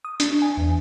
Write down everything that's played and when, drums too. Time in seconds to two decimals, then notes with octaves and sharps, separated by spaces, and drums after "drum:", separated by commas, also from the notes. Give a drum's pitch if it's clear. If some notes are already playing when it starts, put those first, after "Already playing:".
0.05 D#6
0.20 D4, drum: hi-hat
0.42 G#5
0.57 E2